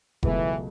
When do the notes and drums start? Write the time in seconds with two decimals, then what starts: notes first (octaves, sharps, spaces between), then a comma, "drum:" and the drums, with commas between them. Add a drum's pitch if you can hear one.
0.23 C#2 B2 E3 F#3 A3, drum: kick F1